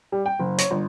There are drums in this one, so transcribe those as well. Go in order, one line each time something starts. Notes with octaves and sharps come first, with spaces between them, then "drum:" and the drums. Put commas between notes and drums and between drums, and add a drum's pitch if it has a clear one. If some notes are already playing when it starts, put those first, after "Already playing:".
G3
G5
F#1
C#5, drum: hi-hat
G1